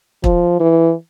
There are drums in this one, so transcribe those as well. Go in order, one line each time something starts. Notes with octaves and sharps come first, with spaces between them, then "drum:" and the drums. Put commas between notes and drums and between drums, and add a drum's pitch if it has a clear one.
F3, drum: kick
E3